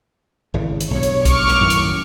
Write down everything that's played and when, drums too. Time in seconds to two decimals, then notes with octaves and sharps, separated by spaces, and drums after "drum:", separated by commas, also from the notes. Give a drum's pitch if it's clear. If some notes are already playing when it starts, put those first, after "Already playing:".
0.54 G#1 A2 C#3
0.80 drum: hi-hat
0.91 B1 G2 C#5
1.03 drum: hi-hat
1.25 C#6 D6 F6, drum: kick B1, hi-hat
1.48 drum: snare
1.61 F#2 A2 D#3
1.70 drum: hi-hat